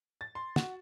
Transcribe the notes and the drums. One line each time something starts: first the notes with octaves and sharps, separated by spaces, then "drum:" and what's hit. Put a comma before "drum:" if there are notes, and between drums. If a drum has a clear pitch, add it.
A6
C6
F#4, drum: snare